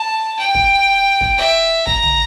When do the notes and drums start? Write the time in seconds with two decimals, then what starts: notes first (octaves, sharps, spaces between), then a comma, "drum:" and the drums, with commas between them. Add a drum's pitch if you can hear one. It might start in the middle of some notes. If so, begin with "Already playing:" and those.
Already playing: A5
0.38 G5
0.55 drum: kick
1.21 drum: kick
1.38 E5
1.87 A#5, drum: kick
2.03 drum: tom